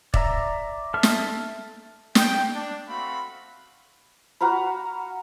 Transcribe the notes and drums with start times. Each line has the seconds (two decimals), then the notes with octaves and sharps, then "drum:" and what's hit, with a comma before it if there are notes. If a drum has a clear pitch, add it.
0.14 D5 E5 A#5, drum: kick
0.94 A4 E5 F6
1.03 drum: snare
2.15 G5, drum: snare
2.54 D4
2.88 A3 C4 F#4 F5 B5
4.41 F#4 F5 A#5 B5